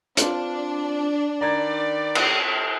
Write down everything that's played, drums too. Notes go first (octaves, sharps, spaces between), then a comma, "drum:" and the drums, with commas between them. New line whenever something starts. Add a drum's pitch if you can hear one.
C4 D4 F4, drum: hi-hat
D#3 B4 D5 A#5 G#6
drum: cymbal